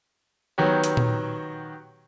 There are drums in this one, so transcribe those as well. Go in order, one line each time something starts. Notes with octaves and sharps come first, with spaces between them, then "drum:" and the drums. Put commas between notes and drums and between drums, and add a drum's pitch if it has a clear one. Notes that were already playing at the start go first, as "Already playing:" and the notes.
D#3 F#3 B3 F#4 G4 C#5
drum: hi-hat
drum: tom A#2